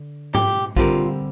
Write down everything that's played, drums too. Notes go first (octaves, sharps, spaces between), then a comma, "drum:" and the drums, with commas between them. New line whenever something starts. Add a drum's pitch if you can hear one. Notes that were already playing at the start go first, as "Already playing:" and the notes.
Already playing: D3
G4, drum: tom G#2
D3 G3 C4 F4 G4 A#4, drum: kick A#1